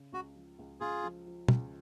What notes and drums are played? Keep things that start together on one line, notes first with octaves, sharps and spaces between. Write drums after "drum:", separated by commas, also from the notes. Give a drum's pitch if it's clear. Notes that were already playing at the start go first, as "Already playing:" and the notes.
Already playing: C#3
C#2 F#4
F3
C#2
C#2 F4 G#4
F3
F3
C#2, drum: tom